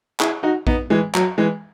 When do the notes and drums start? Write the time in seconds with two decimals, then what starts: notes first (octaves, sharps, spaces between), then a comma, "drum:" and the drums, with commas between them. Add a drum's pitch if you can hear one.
0.20 E4 G#4, drum: clap
0.43 D#4 F#4
0.67 B3 D#4, drum: kick A#1
0.90 E3 G#3
1.15 F#3, drum: clap
1.38 E3 G#3